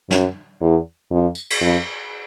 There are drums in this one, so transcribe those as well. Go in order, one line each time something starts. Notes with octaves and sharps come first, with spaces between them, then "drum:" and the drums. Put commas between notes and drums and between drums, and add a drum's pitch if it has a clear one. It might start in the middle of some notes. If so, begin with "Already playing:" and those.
F#2, drum: snare
E2
F2
drum: tambourine
drum: cymbal
F2